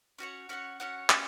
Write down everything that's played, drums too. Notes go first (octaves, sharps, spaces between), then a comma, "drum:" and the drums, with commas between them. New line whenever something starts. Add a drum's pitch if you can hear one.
C#4 F#4 C#5 F#5
C#4 F#4 C#5 F#5
C#4 F#4 C#5 F#5
C#4 F#4 C#5, drum: clap